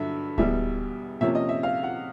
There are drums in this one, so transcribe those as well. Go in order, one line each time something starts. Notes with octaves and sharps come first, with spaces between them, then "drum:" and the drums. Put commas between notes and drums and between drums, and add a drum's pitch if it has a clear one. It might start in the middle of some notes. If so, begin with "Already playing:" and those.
Already playing: G2 D3 F#3 E5
E2 B2 G3 E5, drum: kick D1
C3 F3 A#3 C#4 E5
D#5
E5
F5
F#5